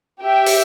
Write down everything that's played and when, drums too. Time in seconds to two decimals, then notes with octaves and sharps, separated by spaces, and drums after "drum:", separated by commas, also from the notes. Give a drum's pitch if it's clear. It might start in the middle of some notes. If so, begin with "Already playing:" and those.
0.23 G4 E5 G5
0.46 drum: open hi-hat